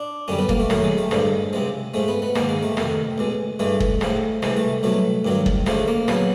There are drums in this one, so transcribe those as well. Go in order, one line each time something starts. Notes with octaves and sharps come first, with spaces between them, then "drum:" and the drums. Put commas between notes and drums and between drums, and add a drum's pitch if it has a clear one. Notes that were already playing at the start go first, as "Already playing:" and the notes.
Already playing: D4
F#2 D3 G3 C#4
B3
A#3, drum: kick
A3
F#2 D#3 F#3 A3, drum: rim click
G#3
A3
G2 D3 F3 G#3, drum: rim click
C#2 C3 F3 G#3
G#2 F3 G#3 A3
B3
B3
G#2 D#3 G#3 A#3, drum: rim click
G#3
A3
F2 C3 D#3, drum: rim click
C#2 B2 G#3
G2 E3 G#3 A3
drum: kick
A2 F3 G#3, drum: rim click
C2 C3 E3 G#3, drum: rim click
A3
C2 B2 F#3 A3
G2 D#3 F#3
drum: kick
D2 C#3 F3 G#3 A3, drum: rim click
A#3
C#3 F#3 B3, drum: rim click